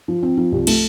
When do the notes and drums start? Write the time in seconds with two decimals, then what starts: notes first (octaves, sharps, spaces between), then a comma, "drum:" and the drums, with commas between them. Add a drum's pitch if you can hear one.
0.08 F3
0.23 C4
0.37 F3
0.52 C2
0.67 A3, drum: cymbal